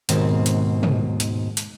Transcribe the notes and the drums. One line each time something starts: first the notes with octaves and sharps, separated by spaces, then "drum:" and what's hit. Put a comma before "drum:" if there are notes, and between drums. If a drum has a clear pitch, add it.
D#2 G#2 B2 C4, drum: hi-hat
drum: hi-hat
drum: tom
drum: hi-hat
drum: hi-hat